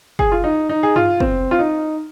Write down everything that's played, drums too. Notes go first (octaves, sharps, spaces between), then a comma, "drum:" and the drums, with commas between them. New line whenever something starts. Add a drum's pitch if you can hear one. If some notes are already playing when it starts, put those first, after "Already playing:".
G#4, drum: kick
F4
D#4
D#4
G#4
F4, drum: tom G2
C4, drum: kick
F4
D#4